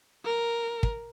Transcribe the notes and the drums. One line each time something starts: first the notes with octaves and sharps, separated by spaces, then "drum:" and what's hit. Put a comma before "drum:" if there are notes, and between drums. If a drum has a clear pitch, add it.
A#4
drum: kick